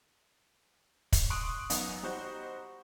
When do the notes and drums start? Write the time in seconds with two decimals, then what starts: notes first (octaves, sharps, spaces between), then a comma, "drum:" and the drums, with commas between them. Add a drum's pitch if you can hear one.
1.12 drum: kick, hi-hat
1.30 C6 C#6 D#6 F#6 D7
1.70 F#2 B3 D#4, drum: hi-hat
2.03 G3 D#4 F#4 C5